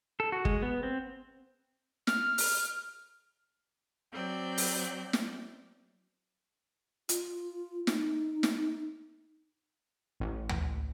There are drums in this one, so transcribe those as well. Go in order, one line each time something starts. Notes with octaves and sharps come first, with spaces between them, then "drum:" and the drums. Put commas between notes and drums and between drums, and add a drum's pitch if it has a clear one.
A4
F#4
G#3, drum: kick
B3
C4
F6, drum: snare
drum: open hi-hat
F#3 C4 D5 G6
drum: open hi-hat
drum: snare
F4, drum: hi-hat
D#4, drum: snare
drum: snare
A1
drum: tom D2